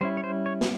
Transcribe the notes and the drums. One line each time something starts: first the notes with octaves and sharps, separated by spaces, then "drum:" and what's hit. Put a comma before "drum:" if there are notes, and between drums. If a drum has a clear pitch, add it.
G3 C#4 E4 C5
C#5
C5
C#5
drum: snare